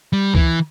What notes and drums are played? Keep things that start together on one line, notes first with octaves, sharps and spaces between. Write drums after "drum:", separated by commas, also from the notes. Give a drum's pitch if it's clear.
G3
E3, drum: kick C#2